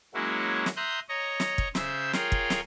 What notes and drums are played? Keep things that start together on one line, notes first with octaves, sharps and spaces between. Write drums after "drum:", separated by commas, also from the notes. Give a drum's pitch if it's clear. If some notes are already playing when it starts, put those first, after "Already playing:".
F#3 G#3 A#3 C#4 E4 F#4
drum: snare
E5 A#5 C6 D#6 F#6 G6
C#5 D#5 A#5 C#6
drum: snare
drum: kick
C#3 C5 E5 E6 G6, drum: snare
F4 G#4 A#4 C#5 F5 G5, drum: snare
drum: kick
drum: snare